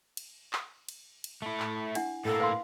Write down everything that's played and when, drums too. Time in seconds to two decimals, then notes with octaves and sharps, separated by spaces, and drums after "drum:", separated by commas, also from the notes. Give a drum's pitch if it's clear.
0.17 drum: cymbal
0.53 drum: clap
0.89 drum: cymbal
1.24 drum: cymbal
1.42 A3 E4
1.60 drum: clap
1.95 D4 E4 F#5, drum: cymbal
2.25 A2 A#3 A4
2.40 B4 F5 C6